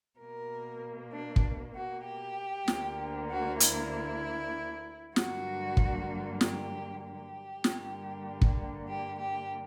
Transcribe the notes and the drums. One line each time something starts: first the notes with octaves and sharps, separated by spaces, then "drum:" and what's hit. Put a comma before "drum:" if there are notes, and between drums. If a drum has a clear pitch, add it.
B2 A#3 A#4
D4
drum: kick
F#4
G4
D2 D3 A#3, drum: snare
F#4
E4, drum: hi-hat
G2 D3 F#3 A#3 F#4, drum: snare
drum: kick
G4, drum: snare
G4
G2 D3 G3 A#3, drum: snare
drum: kick
G4
G4